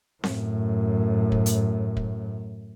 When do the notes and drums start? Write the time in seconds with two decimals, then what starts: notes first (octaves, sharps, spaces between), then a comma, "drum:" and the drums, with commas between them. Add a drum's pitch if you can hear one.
0.24 F#2 A2, drum: snare C4
1.32 drum: kick
1.46 drum: hi-hat
1.97 drum: kick